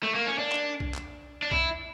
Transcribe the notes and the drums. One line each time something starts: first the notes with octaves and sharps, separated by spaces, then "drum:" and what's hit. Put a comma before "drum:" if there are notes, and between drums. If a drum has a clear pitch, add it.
A3
A#3
C#4
D4
drum: clap
drum: kick B1
drum: clap
D4
E4, drum: kick B1